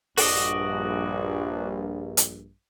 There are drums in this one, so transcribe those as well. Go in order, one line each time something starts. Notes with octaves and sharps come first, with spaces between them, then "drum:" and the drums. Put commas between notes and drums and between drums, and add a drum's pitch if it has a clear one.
A#1 G2 F#4 D5 D#5, drum: open hi-hat
drum: hi-hat